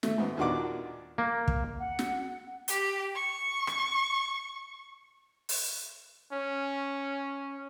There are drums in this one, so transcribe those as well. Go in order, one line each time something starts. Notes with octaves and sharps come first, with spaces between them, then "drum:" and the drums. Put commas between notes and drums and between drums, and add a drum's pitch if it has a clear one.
A3, drum: snare
G#2 B3
D#2 A#2 D#3 D4 F#4 D6
A#3
drum: kick
F#5
drum: snare
G4, drum: hi-hat
C#6
drum: rim click
drum: open hi-hat
C#4